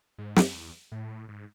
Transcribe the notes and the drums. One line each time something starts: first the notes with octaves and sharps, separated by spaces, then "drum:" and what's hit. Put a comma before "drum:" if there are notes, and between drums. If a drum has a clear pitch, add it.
G#2
F#2, drum: snare
E2
A2
G#2